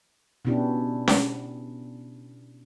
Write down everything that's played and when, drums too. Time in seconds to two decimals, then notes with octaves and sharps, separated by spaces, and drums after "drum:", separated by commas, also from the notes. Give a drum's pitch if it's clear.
0.45 B2 B3 C#4 D4 E4 G4
1.08 drum: snare C#4